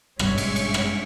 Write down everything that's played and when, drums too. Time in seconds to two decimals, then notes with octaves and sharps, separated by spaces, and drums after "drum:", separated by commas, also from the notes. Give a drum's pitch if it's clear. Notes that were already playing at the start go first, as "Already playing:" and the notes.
0.19 G#1 G2 B2 G3 G#3 C#4 C#5 E5, drum: rim click
0.38 drum: cymbal
0.56 drum: cymbal
0.74 drum: rim click